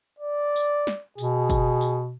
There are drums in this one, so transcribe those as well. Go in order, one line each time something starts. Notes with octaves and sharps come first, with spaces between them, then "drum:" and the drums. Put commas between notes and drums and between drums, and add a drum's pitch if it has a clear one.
D5
drum: tambourine
drum: snare
B2 G#4, drum: tambourine
drum: kick, tambourine
drum: tambourine